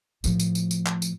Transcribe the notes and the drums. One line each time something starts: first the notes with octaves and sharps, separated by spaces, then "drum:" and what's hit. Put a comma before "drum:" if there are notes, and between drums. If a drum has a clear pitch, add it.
A2 F3, drum: tambourine
drum: tambourine
drum: tambourine
drum: tambourine
drum: clap
drum: tambourine